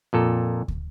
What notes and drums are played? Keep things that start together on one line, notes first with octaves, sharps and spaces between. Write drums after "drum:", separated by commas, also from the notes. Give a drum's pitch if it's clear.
F2 A#2 A4
drum: kick